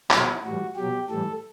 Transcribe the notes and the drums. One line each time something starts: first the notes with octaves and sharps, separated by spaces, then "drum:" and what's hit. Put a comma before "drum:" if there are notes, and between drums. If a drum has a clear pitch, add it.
B2 F#3 E4, drum: clap
A2 E3 G3 F#4
B2 F#3 G4
A2 E3 G3 A4